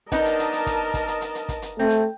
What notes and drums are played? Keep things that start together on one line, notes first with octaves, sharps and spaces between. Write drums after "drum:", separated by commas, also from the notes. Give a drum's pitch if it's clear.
B3 D4 D#4 A#4 D#5 A5, drum: kick, hi-hat
drum: hi-hat
drum: hi-hat
drum: hi-hat
drum: kick, hi-hat
drum: kick, hi-hat
drum: hi-hat
drum: hi-hat
drum: hi-hat
drum: kick, hi-hat
drum: hi-hat
A3 C4
drum: hi-hat